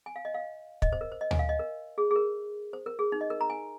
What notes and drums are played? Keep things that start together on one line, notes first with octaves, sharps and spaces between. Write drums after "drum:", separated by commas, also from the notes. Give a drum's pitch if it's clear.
G#5
F5
D#5
F5
D#5, drum: kick
C5
A#4
C5
D#5
G#5, drum: tom D2
F5
D#5
A#4
G#4
G#4
A#4
C5
A#4
G#4
D#4
D#5
A#4
A#5
G#5